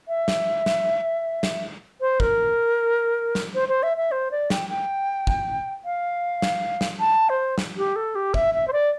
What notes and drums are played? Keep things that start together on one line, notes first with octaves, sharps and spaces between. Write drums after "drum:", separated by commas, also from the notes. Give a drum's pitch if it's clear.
E5
drum: snare
drum: snare
drum: snare
C5
A#4, drum: kick
drum: snare
C5
C5
E5
E5
C5
D5
G5, drum: snare
G5
drum: kick
F5
drum: snare
drum: snare
A5
C5
drum: snare
G4
A4
G4
E5, drum: kick
E5
C5
D5